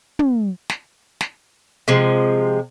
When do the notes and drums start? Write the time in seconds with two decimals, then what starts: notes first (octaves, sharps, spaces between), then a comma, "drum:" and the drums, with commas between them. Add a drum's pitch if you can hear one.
0.19 drum: tom
0.70 drum: snare
1.21 drum: snare
1.88 C3 F3 G#3